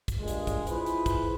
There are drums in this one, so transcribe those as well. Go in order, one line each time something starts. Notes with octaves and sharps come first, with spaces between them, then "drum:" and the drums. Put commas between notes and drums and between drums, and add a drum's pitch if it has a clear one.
drum: kick, hi-hat
G2 A#2 G#3
drum: hi-hat
drum: kick, hi-hat
E4 F4 G#4 B4 C5, drum: hi-hat
drum: hi-hat
drum: kick, hi-hat